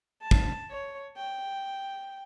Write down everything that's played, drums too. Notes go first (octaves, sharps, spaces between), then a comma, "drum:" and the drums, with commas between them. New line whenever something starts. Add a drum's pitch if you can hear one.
A5
drum: kick
C#5
G5